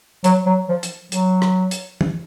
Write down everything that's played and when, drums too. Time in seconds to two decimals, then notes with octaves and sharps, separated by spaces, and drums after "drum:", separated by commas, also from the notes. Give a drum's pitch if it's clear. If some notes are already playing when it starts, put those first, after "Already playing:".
0.24 F#3, drum: hi-hat
0.46 F#3
0.69 F3
0.83 drum: hi-hat
1.12 F#3, drum: hi-hat
1.42 drum: rim click
1.71 drum: hi-hat
2.01 drum: tom